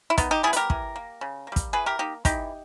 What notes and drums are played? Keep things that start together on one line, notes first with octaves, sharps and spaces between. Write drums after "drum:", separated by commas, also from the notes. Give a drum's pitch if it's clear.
E4
D#3 B3 D#4, drum: kick, hi-hat
D#4 G4
G3 B3 E4 G#4
B4, drum: hi-hat
G4 A#4
E3, drum: kick
A#3
C#3
G3 A#3
drum: kick, hi-hat
E3 G#4 B4
G4 A#4
A#3 D#4 G4
E3 D#4 G4, drum: kick, hi-hat